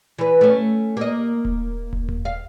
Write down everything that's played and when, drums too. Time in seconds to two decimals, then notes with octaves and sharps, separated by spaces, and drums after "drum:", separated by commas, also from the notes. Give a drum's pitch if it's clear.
0.18 E3 B4
0.41 A3 C#4
0.97 A#3 D#5
1.45 drum: kick D#1
1.93 drum: kick D#1
2.09 drum: tom D#2
2.25 F5